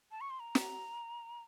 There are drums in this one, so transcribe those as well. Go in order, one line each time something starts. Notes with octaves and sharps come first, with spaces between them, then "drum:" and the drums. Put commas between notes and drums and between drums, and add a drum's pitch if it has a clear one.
A5
C#6
C6
A#5
drum: snare